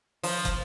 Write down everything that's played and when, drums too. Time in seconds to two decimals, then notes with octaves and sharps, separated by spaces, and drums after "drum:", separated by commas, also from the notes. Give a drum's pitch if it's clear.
0.23 F3, drum: open hi-hat
0.45 drum: kick, hi-hat